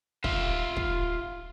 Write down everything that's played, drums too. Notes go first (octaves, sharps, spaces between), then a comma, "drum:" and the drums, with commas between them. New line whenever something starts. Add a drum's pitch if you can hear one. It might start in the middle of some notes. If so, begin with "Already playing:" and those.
F4 E5, drum: kick
drum: kick